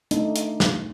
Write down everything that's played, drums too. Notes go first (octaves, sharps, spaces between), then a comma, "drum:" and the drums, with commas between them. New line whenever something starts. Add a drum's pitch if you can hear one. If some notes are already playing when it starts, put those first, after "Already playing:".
A3 D4 D#4, drum: hi-hat
drum: hi-hat
drum: snare